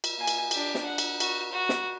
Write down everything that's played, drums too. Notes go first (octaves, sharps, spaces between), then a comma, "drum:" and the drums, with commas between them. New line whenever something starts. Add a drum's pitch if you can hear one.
drum: cymbal
A#3 G#5
drum: cymbal
D4 G4, drum: cymbal
drum: snare
F#5
drum: cymbal
F#4, drum: cymbal
F#4
drum: snare